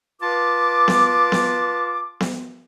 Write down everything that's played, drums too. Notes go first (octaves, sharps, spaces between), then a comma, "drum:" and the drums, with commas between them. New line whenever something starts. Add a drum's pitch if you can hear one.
F4 B4 A5 D6
drum: snare B3
drum: snare B3
drum: snare B3